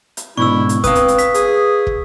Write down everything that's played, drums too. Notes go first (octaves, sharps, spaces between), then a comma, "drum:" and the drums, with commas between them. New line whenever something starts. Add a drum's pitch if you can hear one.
drum: hi-hat
G#2 B2 D4 E4 C#6 E6
drum: hi-hat
C4 B4 F5 D#6, drum: kick, hi-hat
drum: hi-hat
drum: hi-hat
B6, drum: hi-hat
G#4, drum: hi-hat
drum: kick